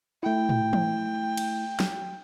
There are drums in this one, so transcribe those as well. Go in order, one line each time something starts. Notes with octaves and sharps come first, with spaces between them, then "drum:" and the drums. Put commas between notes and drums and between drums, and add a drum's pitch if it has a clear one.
A3 E4 G5
drum: tom A2
drum: tom E3
drum: cymbal
drum: snare